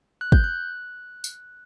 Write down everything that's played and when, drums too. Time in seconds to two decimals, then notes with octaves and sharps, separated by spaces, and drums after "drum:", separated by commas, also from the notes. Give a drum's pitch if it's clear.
0.21 F#6
0.32 G6, drum: kick
0.44 F#6
1.24 drum: tambourine